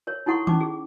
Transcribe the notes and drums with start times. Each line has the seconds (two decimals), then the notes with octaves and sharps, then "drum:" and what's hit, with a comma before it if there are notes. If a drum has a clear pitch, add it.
0.07 A#4 C#5
0.26 D#4 E4 A4 F#5 C6 C#6
0.47 C#4 D#4 D6, drum: tom D#3
0.61 G#4